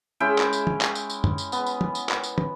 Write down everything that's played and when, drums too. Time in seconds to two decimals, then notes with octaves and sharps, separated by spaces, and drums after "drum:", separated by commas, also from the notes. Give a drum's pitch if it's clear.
0.20 G#3 C#4 E4 G5
0.38 drum: clap
0.53 drum: tambourine
0.67 drum: tom
0.81 drum: clap
0.95 drum: tambourine
1.10 drum: tambourine
1.24 drum: tom
1.38 drum: tambourine
1.52 B3, drum: tambourine
1.67 drum: tambourine
1.81 drum: tom
1.95 drum: tambourine
2.09 drum: clap
2.23 drum: tambourine
2.38 drum: tom